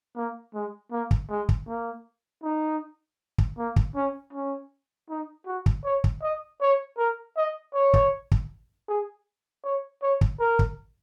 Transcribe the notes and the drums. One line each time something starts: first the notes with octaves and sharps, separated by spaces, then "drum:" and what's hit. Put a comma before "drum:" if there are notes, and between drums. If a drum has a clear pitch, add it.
A#3
G#3
A#3
drum: kick
G#3
drum: kick
A#3
D#4
drum: kick
A#3
drum: kick
C#4
C#4
D#4
F#4
drum: kick
C#5
drum: kick
D#5
C#5
A#4
D#5
C#5
drum: kick
drum: kick
G#4
C#5
C#5
drum: kick
A#4
drum: kick